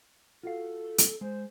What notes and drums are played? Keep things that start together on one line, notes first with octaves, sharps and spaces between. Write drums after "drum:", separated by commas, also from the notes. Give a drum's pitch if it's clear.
F4 F#4 A4 F5
drum: hi-hat
G#3 C5